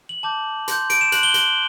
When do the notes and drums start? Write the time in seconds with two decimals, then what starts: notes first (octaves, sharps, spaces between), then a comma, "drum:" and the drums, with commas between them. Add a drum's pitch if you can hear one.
0.09 F#7
0.23 A5 D6 G6 F#7
0.68 C6 G6, drum: hi-hat
0.90 D7, drum: hi-hat
1.01 E7
1.12 C6 F#6 F#7, drum: hi-hat
1.23 G7
1.34 G7, drum: hi-hat